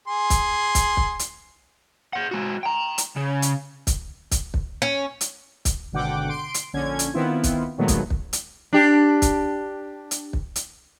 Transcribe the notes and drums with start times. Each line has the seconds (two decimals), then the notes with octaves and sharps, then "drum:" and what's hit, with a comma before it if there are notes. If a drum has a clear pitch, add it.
0.08 G#4 C6
0.30 drum: kick, hi-hat
0.75 drum: kick, hi-hat
0.97 drum: kick
1.19 drum: hi-hat
2.13 G#4 F#5
2.32 G#3 F#4
2.64 G5 A#5
2.98 drum: hi-hat
3.17 C#3
3.42 drum: hi-hat
3.87 drum: kick, hi-hat
4.31 drum: kick, hi-hat
4.54 drum: kick
4.82 C#4
5.21 drum: hi-hat
5.65 drum: kick, hi-hat
5.92 G#1 B2 D3 F#5 G5 D6
6.29 C6 D7
6.54 drum: hi-hat
6.73 A#1 D3 C#4 G#6
6.99 drum: hi-hat
7.13 D#3 B3 C4 E4 F4
7.44 drum: kick, hi-hat
7.78 A#2 D#3 F#3 G#3 A3 B3
7.88 drum: kick, hi-hat
8.10 drum: kick
8.33 drum: hi-hat
8.73 D4 G4
9.22 drum: kick, hi-hat
10.11 drum: hi-hat
10.33 drum: kick
10.56 drum: hi-hat